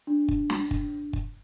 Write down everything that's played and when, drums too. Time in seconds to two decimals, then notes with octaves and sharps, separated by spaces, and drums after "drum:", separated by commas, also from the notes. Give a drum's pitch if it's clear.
0.07 D4
0.28 drum: kick
0.50 drum: snare
0.71 drum: kick
1.13 drum: kick